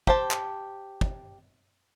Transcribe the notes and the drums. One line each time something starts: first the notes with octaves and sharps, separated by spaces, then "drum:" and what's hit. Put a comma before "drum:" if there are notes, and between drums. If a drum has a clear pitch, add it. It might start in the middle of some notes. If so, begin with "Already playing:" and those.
G4 C5 A5, drum: kick
drum: clap
drum: kick